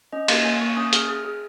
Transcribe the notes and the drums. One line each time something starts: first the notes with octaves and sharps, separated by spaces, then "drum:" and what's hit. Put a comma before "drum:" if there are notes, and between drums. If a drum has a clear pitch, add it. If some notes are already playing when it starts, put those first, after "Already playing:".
C#4 D#5
A#3 F5, drum: cymbal
A#3 G#5
A#3 C#6
C#4 D#6
G#4 F6, drum: hi-hat
G#4
G#4